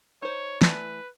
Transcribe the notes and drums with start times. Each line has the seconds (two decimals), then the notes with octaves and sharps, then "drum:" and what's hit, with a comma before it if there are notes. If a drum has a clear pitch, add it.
0.22 D#4 C5 C#5
0.62 E3 A3 B4 D5, drum: snare